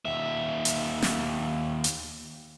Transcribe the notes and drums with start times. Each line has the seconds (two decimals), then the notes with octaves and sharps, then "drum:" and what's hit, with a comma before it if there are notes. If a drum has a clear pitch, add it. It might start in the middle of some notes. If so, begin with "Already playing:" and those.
0.05 D#2 E5
0.65 drum: hi-hat
1.02 drum: snare
1.84 drum: hi-hat